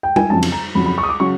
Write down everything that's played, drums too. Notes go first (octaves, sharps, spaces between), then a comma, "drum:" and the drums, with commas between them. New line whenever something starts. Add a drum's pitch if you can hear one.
G5
G#5, drum: tom G3
F2 C#3 F#3 A5
drum: cymbal
A#5
F2 C#3 F#3 B5
B5
C#6
D#6
D6
C#3 F#3 C#6